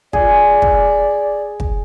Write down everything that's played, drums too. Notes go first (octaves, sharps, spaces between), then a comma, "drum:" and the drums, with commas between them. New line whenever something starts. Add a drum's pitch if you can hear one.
G#4 D5, drum: kick
drum: kick
drum: kick